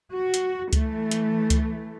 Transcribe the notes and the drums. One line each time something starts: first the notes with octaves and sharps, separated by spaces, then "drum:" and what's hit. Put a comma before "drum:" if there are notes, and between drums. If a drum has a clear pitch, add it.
F#4
drum: hi-hat
E3 A3, drum: kick C#2, hi-hat
drum: hi-hat
drum: kick C#2, hi-hat